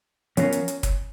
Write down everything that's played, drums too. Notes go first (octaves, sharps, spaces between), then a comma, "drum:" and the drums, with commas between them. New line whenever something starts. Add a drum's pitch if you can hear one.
F3 B3 C#4 F4 A#4, drum: hi-hat
drum: hi-hat
drum: hi-hat
drum: kick, hi-hat